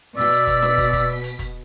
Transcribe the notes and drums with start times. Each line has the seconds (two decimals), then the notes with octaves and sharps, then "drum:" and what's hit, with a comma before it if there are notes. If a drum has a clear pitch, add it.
0.17 B2 D5 E6 B6, drum: open hi-hat
0.32 drum: hi-hat
0.47 drum: kick, hi-hat
0.62 drum: snare D4
0.78 drum: kick, hi-hat
0.93 drum: kick, hi-hat
1.08 drum: open hi-hat
1.24 drum: hi-hat
1.39 drum: kick, hi-hat